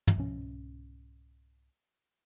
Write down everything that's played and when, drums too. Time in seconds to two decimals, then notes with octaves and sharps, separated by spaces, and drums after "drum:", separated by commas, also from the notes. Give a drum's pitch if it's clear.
0.07 drum: tom
0.17 C2 G#2 B2 C#4